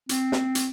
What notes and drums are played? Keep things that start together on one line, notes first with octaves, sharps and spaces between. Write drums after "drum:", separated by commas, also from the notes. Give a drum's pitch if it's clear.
C4, drum: hi-hat
drum: snare
drum: hi-hat